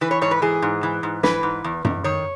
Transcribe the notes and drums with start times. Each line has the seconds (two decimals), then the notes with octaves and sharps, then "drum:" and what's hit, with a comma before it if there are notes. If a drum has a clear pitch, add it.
0.01 E3 B4
0.11 C#5
0.22 G#2 C#5
0.31 B4
0.42 E3 G#4
0.62 G#2
0.83 E3
1.03 G#2
1.23 E3 B4, drum: snare
1.43 G#2
1.64 E2
1.85 E2, drum: tom F#2
2.04 D#3 C#5